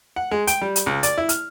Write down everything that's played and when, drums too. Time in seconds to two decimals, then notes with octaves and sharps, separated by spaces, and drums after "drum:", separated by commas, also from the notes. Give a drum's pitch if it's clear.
0.16 F#5
0.31 G#3
0.47 G5, drum: hi-hat
0.61 G3
0.76 drum: hi-hat
0.86 C#2
1.03 D5, drum: hi-hat
1.18 E4
1.29 F6, drum: hi-hat